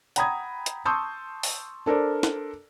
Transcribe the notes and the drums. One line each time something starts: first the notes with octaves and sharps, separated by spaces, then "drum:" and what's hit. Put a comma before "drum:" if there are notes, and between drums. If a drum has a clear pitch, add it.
F#5 G5 A#5 B5 D#6 G#6, drum: hi-hat
drum: hi-hat
A5 C6 C#6 D#6 E6 G6
drum: open hi-hat
D4 A4 A#4 C5 D5
drum: snare